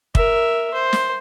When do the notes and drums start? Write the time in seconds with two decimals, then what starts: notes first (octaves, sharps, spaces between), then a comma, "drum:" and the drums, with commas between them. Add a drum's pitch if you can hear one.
0.15 A#4 E5, drum: kick
0.74 C5
0.93 drum: snare